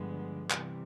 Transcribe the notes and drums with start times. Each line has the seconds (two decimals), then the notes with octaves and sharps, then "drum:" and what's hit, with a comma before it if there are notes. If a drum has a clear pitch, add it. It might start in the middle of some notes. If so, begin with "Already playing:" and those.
Already playing: G2 D3 F3 G#3 B3
0.50 C3 E3 G3, drum: clap